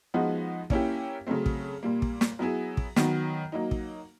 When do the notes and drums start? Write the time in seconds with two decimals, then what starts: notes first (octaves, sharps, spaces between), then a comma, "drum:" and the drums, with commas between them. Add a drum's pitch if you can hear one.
0.14 F3 G#3 B3 D#4 F#4
0.70 A#3 C#4 E4 G4, drum: kick
1.27 C#3 F#3 A3 C4
1.46 drum: kick
1.83 A#2 G3 A#3
2.02 drum: kick
2.21 drum: snare
2.39 F#3 B3 E4 G#4
2.77 drum: kick
2.96 D#3 F#3 B3, drum: snare
3.52 F#3 A#3 D#4
3.71 drum: kick